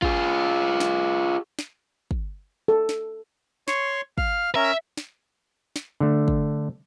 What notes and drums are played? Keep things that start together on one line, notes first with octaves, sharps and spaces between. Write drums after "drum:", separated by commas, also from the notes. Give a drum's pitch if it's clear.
F4 G#4, drum: kick
drum: snare
drum: snare
drum: kick
A4
drum: snare
C#5 C6 C#6, drum: snare
F5 F6, drum: kick
C#4 A#4 E5 A#5
drum: snare
drum: snare
D3 A3
drum: kick